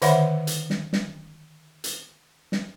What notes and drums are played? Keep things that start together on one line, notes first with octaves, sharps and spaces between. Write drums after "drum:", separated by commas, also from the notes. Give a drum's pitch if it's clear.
D3 D#3 C#5 E5 F#5 B5, drum: hi-hat
drum: hi-hat
drum: snare
drum: snare
drum: hi-hat
drum: snare